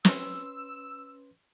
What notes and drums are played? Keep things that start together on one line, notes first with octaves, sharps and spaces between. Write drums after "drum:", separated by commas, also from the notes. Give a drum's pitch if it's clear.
C#4 B4 C6 E6, drum: snare